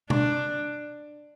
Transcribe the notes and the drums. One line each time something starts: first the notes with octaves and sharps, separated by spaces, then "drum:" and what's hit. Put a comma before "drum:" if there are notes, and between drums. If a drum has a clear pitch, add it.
D4, drum: tom B2